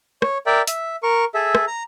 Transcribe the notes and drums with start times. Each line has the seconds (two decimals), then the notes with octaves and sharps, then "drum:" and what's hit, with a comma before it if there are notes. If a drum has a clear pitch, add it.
0.22 C#5, drum: rim click
0.46 A#4 D5 E5 G5
0.67 E5, drum: hi-hat
1.03 A#4 C#6
1.34 G#4 A4 E5
1.55 drum: rim click
1.67 A#5